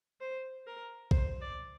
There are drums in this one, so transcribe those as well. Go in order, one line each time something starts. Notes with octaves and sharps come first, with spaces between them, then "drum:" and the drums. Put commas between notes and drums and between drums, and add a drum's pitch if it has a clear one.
C5
A#4
C5, drum: kick B1
D5